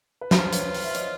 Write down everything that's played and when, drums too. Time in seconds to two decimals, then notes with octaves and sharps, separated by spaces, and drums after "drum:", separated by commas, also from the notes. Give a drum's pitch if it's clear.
0.21 B4
0.31 F4 C5, drum: snare
0.43 C5
0.52 B4 C#5, drum: hi-hat
0.74 C5, drum: open hi-hat
0.84 E5
0.94 C#5 D#5, drum: hi-hat